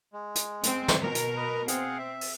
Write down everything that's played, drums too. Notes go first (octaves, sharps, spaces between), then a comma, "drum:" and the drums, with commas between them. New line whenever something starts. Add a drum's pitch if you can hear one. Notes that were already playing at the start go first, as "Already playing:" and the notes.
G#3
drum: hi-hat
C4, drum: hi-hat
drum: snare
B2 A#4
drum: hi-hat
B4 D#5
C4 G#4 F5 F#5, drum: hi-hat
E5
drum: open hi-hat